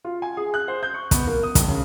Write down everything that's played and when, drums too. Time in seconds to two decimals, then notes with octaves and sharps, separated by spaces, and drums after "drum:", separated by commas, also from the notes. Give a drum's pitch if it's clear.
0.05 F4
0.22 G#5
0.37 G#4
0.54 F#6
0.68 C5
0.83 G6
0.94 C#6
1.11 B3, drum: kick, hi-hat
1.27 A#3
1.43 D#6
1.55 A#1, drum: kick, hi-hat
1.68 C#3